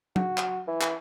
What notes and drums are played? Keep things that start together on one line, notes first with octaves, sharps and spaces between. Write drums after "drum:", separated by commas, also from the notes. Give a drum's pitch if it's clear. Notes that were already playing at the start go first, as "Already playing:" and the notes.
F#4, drum: tom F#3
drum: clap
E3
drum: clap